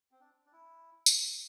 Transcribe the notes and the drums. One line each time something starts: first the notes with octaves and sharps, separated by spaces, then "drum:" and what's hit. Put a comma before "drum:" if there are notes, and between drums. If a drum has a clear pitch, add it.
C4
D4
D4
E4
drum: tambourine